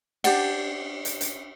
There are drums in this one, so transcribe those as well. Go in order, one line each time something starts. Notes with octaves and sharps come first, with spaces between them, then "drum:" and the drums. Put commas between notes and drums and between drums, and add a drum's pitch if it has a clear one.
D4 G4 D5 F#5, drum: cymbal
drum: hi-hat
drum: hi-hat